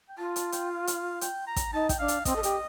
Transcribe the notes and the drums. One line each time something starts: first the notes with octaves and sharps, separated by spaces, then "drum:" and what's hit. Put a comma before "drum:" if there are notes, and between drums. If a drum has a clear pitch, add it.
G5
F4 A5
A5, drum: hi-hat
G5, drum: hi-hat
F5
drum: hi-hat
G5, drum: hi-hat
A#5
drum: kick, hi-hat
D#4 A5
G5, drum: kick, hi-hat
D4 F5
drum: hi-hat
C4 D#5, drum: kick, hi-hat
A4
G4, drum: hi-hat